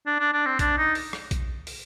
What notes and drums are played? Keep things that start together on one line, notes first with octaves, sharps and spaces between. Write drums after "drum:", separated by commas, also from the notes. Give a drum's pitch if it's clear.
D4
D4
D4
C4
D4, drum: kick A#1, hi-hat
D#4
drum: open hi-hat
drum: rim click
drum: kick A#1, hi-hat
drum: open hi-hat